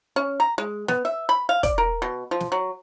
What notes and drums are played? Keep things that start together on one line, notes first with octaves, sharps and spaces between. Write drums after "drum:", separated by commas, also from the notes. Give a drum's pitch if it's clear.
C#4
A#5
G#3
B3, drum: snare
E5
B5
F5
D5, drum: kick, hi-hat
A#4
B2
F3
drum: snare
F#3